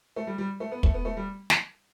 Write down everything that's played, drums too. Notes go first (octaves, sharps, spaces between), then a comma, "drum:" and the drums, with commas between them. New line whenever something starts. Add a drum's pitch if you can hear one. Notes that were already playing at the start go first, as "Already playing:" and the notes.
A3
G3
G3
A3
B3
A3, drum: kick
B3
A3
G3
drum: snare